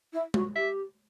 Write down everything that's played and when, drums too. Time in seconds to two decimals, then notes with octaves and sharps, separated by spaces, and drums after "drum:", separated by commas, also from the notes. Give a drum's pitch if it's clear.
0.13 E4
0.34 F#4, drum: tom G#3
0.55 G4 E5